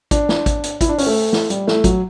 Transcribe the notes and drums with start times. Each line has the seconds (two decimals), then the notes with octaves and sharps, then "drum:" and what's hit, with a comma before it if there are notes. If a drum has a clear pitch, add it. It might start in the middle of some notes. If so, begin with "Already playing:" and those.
0.11 D4, drum: kick A1, hi-hat
0.29 drum: snare
0.46 drum: kick A1, hi-hat
0.63 drum: hi-hat
0.81 E4, drum: kick A1, hi-hat
0.89 D4
0.98 C#4, drum: open hi-hat
1.07 A3
1.33 drum: snare
1.50 G3, drum: hi-hat
1.67 A3, drum: snare
1.84 F#3, drum: kick A1, hi-hat